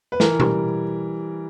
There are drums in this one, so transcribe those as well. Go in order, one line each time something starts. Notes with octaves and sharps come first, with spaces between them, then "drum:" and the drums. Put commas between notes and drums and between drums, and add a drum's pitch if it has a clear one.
B4
E3 A#4, drum: snare
G3, drum: tom B2